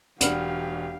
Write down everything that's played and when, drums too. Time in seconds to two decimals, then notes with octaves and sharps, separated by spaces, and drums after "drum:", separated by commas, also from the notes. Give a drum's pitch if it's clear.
0.21 E1 D4 G4 F5 F#5 B5 F6, drum: hi-hat